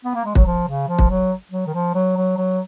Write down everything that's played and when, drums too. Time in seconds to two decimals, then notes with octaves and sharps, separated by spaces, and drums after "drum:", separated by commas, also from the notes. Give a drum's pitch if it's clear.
0.04 B3
0.14 A#3
0.25 G#3
0.35 F#3, drum: kick
0.45 F3
0.68 C#3
0.88 F3
0.99 drum: kick
1.10 F#3
1.51 F#3
1.66 D#3
1.74 F3
1.94 F#3
2.16 F#3
2.37 F#3